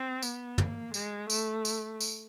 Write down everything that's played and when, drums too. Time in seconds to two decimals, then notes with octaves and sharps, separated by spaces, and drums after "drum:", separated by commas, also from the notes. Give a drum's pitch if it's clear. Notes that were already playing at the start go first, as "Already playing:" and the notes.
Already playing: C4
0.22 B3, drum: tambourine
0.58 A#3, drum: tom
0.94 G#3, drum: tambourine
1.30 A3, drum: tambourine
1.65 drum: tambourine
2.01 drum: tambourine